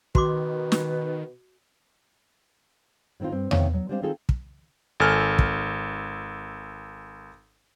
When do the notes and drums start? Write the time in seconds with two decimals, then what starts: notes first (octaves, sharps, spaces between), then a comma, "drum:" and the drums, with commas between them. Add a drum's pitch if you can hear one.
0.15 B2 D#3 F#4 C6 D6, drum: kick
0.72 drum: snare
3.20 A2 D#3 C4 D#4 F4
3.32 G2 C4
3.51 D2 C3 D#3 B3 C#5 F5, drum: tom E2
3.73 F#3
3.89 G3 G#3 C4 D4 C5 F5
4.02 D#3 C4 D#4 F4 G#4 A4
4.29 drum: kick
5.00 G#1 A4 G#5 F6
5.39 drum: kick